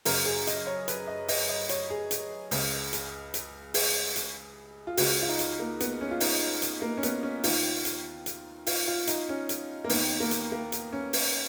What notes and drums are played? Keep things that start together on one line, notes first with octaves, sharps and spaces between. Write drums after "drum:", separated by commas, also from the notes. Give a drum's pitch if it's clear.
F#2 C#3 A#4, drum: open hi-hat
G#4
D#5, drum: hi-hat
C#5
B4, drum: hi-hat
D#5
D#5, drum: open hi-hat
D#5
C#5, drum: hi-hat
G#4
drum: hi-hat
C#2 C#3, drum: open hi-hat
drum: hi-hat
drum: hi-hat
G#4, drum: open hi-hat
drum: hi-hat
F4
C#2 C#3 F#4, drum: open hi-hat
F4
D#4
drum: hi-hat
A#3
B3, drum: hi-hat
C#4
F4
D#4, drum: open hi-hat
drum: hi-hat
A#3
C#4
B3, drum: hi-hat
C#4
D#2 D#3 F4, drum: open hi-hat
drum: hi-hat
drum: hi-hat
F4, drum: open hi-hat
F4
D#4, drum: hi-hat
C#4
drum: hi-hat
A#3
D#2 D#3 B3, drum: open hi-hat
A#3
drum: hi-hat
A#3
drum: hi-hat
C#4
drum: open hi-hat